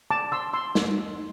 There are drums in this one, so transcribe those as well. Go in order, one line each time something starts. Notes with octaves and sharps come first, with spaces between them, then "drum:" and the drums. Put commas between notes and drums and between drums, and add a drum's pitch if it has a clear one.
A5 D6
C6 E6
C6 E6
drum: snare